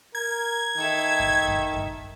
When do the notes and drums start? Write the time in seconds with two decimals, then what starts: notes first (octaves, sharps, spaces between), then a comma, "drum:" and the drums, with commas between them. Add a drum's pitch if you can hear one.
0.15 A#4 G#6
0.77 D#3 A4 E5
1.20 drum: kick F#2
1.48 drum: kick F#2
1.76 drum: kick F#2